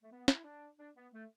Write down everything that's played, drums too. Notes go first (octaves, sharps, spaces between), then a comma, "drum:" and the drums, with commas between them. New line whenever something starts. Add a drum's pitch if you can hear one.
A3
B3
E4, drum: snare
D4
D4
B3
A3